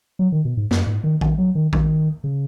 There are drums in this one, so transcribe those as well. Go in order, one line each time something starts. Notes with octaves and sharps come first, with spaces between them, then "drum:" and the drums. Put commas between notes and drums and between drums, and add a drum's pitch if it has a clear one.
F#3
D#3
B2
G#2
F#2, drum: snare
G#2
D#3
D#3, drum: kick A#1
F#3
D#3
D#3, drum: kick A#1
C#3